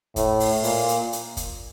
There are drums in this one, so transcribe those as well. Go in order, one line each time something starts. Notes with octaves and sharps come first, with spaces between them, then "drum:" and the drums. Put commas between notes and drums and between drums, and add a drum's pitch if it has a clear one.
A2, drum: kick, hi-hat
drum: open hi-hat
A#2, drum: open hi-hat
drum: hi-hat
drum: hi-hat
drum: kick, hi-hat